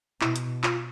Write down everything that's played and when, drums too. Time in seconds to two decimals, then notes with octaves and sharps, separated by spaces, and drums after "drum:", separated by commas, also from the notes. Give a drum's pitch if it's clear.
0.21 B2 E4, drum: clap
0.36 drum: hi-hat
0.64 F4, drum: clap